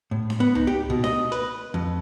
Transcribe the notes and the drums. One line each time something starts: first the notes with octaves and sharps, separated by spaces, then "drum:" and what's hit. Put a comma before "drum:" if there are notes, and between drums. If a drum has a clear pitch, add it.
A2
drum: snare D4
B3
D#4, drum: tom C#2
G4
B2
D#5, drum: snare D4
B4, drum: hi-hat
F2